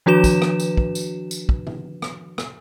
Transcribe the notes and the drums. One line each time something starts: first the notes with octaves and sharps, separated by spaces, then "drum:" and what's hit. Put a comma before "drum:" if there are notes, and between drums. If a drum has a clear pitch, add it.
D#3 F3 D4 F#4 B4 E7
drum: kick, tambourine
drum: rim click
drum: tambourine
drum: kick
drum: tambourine
drum: tambourine
drum: kick
drum: tom
drum: rim click
drum: rim click